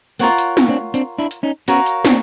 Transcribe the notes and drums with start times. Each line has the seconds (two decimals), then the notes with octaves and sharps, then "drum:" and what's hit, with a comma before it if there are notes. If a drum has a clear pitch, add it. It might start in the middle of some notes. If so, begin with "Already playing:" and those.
0.20 A#3 C4 F4 A#4 C#5 F#5, drum: hi-hat
0.38 drum: hi-hat
0.57 drum: snare
0.69 C4 D4
0.94 C4 D4, drum: hi-hat
1.18 D4 E4
1.31 drum: hi-hat
1.43 C#4 D#4
1.68 B3 C#4 F#4 A#4 C#5 F5, drum: hi-hat
1.86 drum: hi-hat
2.05 C4 D4, drum: snare